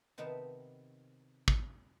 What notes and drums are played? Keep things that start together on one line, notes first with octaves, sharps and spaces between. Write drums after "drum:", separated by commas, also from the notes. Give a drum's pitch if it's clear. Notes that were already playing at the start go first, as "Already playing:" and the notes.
C3 D#3 B3 D#4 B4 A5
drum: kick